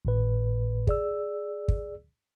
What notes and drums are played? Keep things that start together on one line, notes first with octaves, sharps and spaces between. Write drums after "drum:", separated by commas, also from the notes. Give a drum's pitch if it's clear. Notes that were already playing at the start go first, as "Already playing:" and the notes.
G#1 A2 B4
G#4 D5 E6, drum: kick
drum: kick